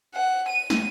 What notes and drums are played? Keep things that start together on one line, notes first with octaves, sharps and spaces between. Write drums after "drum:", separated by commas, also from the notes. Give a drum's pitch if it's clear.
F#5
D#7
drum: snare